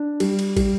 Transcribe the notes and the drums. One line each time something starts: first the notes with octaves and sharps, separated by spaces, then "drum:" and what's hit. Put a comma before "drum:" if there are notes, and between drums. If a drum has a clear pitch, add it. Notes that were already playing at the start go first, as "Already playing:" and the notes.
Already playing: D4
G3, drum: cymbal
drum: cymbal
G3, drum: kick, cymbal